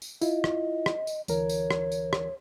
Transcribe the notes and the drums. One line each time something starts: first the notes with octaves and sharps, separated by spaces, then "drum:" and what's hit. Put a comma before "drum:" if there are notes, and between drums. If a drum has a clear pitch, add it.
drum: tambourine
E4 F4 D#5, drum: tambourine
drum: rim click
drum: rim click
drum: tambourine
D2 E3 A#4 C#5, drum: tambourine
drum: tambourine
drum: rim click
drum: tambourine
drum: rim click